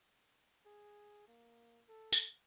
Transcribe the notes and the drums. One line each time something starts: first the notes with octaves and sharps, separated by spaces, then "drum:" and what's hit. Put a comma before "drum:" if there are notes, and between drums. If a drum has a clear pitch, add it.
G#4
A#3
A4
drum: tambourine